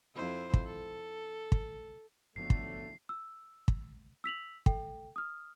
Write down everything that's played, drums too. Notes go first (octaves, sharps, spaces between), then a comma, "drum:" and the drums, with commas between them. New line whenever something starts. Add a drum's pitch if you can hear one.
F2 E4 C5
drum: kick
A4
drum: kick
G1 D3 F3 F#3 A3 B3 C7
drum: kick
E6
drum: kick
E6 B6 F7 F#7
A4 G5, drum: kick
D#6 F6